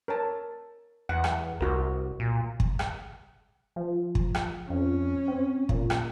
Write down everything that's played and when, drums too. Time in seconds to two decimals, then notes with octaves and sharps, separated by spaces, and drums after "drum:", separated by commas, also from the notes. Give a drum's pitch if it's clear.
0.08 A#4 C#5 A5
1.09 E2 F#5
1.24 drum: rim click
1.61 C2 F#4 A#4
2.20 A#2
2.60 drum: kick
2.79 drum: rim click
3.76 F3
4.15 drum: kick
4.35 drum: rim click
4.70 F2 C#4
5.28 C4
5.69 A#2, drum: kick
5.90 drum: rim click